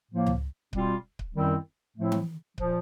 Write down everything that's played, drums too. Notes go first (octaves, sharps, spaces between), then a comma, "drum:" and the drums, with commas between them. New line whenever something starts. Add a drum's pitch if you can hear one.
A2 F3 A#3
drum: tom C#2
B2 G3 C4 F4, drum: kick C#1
drum: kick C#1
F#2 D#3 G3 C4 E4
A2 F3 A3 C4 E4
drum: tom E3
A#2 F3, drum: kick C#1